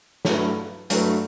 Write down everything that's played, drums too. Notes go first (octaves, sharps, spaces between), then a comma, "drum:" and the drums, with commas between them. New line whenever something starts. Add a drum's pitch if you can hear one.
G2 F#3 A3 E4 B4, drum: snare
G2 F#3 A3 E4 B4, drum: hi-hat